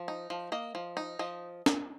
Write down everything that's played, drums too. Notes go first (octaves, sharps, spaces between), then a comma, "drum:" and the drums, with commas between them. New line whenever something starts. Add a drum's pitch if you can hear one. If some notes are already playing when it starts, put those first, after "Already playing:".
Already playing: F3
D#4
F3
A#3 D#5
F3
D#4
F3 D#5
drum: snare